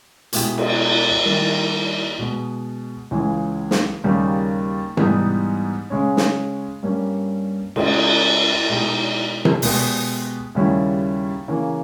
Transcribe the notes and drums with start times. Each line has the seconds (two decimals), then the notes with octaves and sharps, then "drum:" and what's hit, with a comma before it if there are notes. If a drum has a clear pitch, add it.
0.33 B2 G#3 B3 E4 G4, drum: hi-hat
0.58 drum: cymbal
1.25 D#3 G3 A#3 D#4
2.19 B2 G#3 B3
3.11 C#2 C#3 E3 G#3
3.71 drum: snare
4.04 D#2 C#3 G3 A#3 D#4
4.97 G#2 E3 G3 B3 D#4, drum: tom C3
5.90 C#3 G#3 C#4
6.17 drum: snare
6.83 G2 G3 A#3 C#4
7.76 C#3 G#3 C#4 G4, drum: cymbal
8.69 B2 G#3 D#4 G4
9.45 drum: tom C3
9.62 B2 G#3 B3 G4, drum: open hi-hat
10.55 D#2 C#3 G3 C#4 E4
11.48 C#3 E3 A#3